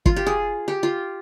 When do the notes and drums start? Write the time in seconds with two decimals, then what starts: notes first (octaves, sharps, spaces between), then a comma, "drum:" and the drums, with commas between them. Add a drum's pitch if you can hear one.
0.06 F4, drum: kick
0.16 G4
0.26 G#4
0.68 G4
0.83 F4